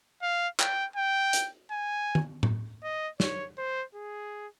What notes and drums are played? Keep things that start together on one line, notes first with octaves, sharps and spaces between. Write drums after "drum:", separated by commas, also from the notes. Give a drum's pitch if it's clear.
F5
G5, drum: clap
G5
drum: hi-hat
G#5
drum: tom
drum: tom A2
D#5
C#5, drum: snare
C5
G#4